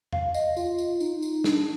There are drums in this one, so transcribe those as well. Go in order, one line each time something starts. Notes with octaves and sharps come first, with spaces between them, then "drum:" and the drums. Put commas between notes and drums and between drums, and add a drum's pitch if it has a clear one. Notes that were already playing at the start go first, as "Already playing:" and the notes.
F5, drum: tom E2
D#5, drum: tambourine
F4, drum: tambourine
drum: tambourine
D#4, drum: tambourine
drum: tambourine
D4, drum: snare